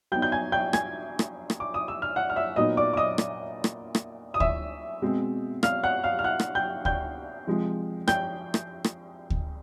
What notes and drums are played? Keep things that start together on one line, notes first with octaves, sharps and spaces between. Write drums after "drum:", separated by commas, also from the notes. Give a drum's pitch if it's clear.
F#3 B3 D#4 G5 G6
G6
G#5 G#6
G5 G6
G#5 G#6, drum: rim click
drum: rim click
drum: rim click
D6
D#6
E6
F6
F#5 F#6
F6
E5 E6
A#2 F#3 B3 D#4 D#5 D#6
D5 D6
D6
D#5 D#6
drum: rim click
drum: rim click
drum: rim click
D#6
E5 E6, drum: kick D2
B2 G#3 C4
F5 F6, drum: rim click
F#5 F#6
F5 F6
F6
F#5 F#6
drum: rim click
G5 G6
G5 G6, drum: kick D2
C3 F3 G#3
G5 G6, drum: rim click
drum: rim click
drum: rim click
drum: kick D2